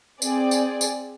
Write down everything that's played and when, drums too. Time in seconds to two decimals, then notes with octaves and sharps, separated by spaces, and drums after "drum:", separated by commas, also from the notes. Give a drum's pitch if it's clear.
0.22 C4 G#4 D5, drum: tambourine
0.51 drum: tambourine
0.81 drum: tambourine